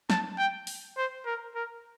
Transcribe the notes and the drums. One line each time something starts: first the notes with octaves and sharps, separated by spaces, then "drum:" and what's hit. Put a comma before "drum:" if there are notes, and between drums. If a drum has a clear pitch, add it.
A5, drum: snare
G5
drum: open hi-hat
C5
A#4
A#4